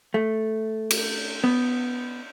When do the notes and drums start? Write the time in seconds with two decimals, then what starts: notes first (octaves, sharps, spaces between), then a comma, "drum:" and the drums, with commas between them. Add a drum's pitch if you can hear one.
0.14 A3
0.90 drum: cymbal
1.44 B3